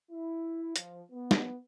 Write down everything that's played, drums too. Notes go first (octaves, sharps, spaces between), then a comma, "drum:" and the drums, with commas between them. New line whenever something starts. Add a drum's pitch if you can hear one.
E4
F3, drum: hi-hat
B3
drum: snare